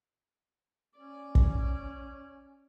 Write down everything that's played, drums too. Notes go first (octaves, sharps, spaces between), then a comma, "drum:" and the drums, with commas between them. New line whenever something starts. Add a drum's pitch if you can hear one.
C#4 D5
drum: kick